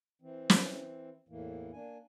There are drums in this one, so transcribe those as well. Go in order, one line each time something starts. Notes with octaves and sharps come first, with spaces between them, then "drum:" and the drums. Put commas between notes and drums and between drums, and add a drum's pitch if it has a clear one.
E3 C4
drum: snare
E2 A2 E3 A#3
A#3 D4 G#5